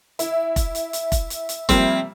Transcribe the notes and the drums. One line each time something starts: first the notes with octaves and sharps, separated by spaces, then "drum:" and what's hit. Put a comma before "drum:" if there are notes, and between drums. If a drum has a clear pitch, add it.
E4, drum: hi-hat
E5
drum: kick F1, hi-hat
drum: hi-hat
drum: hi-hat
drum: kick F1, hi-hat
drum: hi-hat
drum: hi-hat
F3 G3 A#3 C4, drum: kick F1, hi-hat